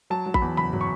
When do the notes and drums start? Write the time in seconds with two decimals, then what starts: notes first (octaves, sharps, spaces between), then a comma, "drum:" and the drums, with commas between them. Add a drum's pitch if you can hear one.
0.10 F#3 A5
0.26 F#3
0.34 B5, drum: kick
0.42 E2
0.57 F#1 B5
0.73 F#3, drum: tom
0.81 C#6